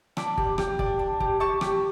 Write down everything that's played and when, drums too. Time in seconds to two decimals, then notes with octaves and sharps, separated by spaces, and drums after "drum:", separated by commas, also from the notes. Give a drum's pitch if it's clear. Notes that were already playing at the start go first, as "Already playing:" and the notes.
0.17 D4 B5 D6, drum: rim click
0.38 G4, drum: kick
0.58 G4, drum: rim click
0.79 D4, drum: kick
0.99 D4
1.20 G4, drum: kick
1.40 G4 A5 C#6
1.61 G4, drum: rim click